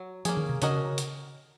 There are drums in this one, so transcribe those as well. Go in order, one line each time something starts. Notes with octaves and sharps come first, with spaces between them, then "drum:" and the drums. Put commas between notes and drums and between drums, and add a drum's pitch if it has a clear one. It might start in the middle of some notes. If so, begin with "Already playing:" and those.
Already playing: F#3
F3 A#3 C#4 G#4, drum: hi-hat
D#3
C3
C#3 C#4 F#4 A#4 D#5, drum: hi-hat
drum: hi-hat